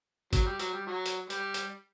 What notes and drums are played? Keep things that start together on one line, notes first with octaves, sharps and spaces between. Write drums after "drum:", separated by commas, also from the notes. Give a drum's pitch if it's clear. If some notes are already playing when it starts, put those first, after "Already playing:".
F#3, drum: kick G#1, hi-hat
G3
F#3, drum: hi-hat
G3
F#3
drum: hi-hat
G3, drum: hi-hat
drum: hi-hat